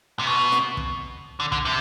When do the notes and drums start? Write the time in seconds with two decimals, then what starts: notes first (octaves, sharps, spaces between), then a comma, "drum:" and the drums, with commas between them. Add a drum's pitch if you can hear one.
0.19 C3
0.27 B2
0.52 drum: snare
0.77 drum: kick
1.40 D3
1.52 D3, drum: kick
1.65 C3